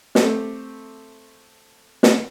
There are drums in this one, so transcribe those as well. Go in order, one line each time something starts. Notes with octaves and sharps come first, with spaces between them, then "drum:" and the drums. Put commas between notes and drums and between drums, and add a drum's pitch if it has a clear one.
A3 C4 G4, drum: snare
drum: snare